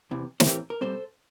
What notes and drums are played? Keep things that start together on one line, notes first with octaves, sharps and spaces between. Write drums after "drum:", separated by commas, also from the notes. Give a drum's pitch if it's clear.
E2 C3 E3
C5, drum: snare
A2 E3 A3 C4 G4 A#4
A#4
A#2 G3 C4 A4 C5